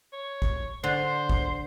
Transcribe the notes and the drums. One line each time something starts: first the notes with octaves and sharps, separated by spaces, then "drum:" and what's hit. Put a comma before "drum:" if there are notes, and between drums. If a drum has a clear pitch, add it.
C#5
drum: kick
D3 C5
drum: kick